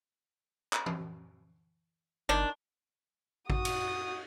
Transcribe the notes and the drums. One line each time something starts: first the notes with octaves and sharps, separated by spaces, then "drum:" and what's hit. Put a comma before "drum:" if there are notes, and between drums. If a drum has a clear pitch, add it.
drum: clap
drum: tom
G1 D#3 D4
F#4 D#6, drum: kick A1
drum: cymbal